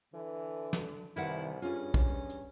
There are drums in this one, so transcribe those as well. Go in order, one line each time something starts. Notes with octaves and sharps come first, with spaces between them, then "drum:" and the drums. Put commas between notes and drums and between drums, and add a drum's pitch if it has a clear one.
D3 E3
drum: snare
C2 D#3 E4 B4 F#5
G2 C#4 F4 G#4
drum: kick
drum: hi-hat